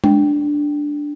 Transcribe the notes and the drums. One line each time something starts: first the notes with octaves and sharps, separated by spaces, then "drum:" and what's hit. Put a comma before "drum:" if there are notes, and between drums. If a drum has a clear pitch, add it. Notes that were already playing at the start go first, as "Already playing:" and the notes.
D4, drum: tom G#3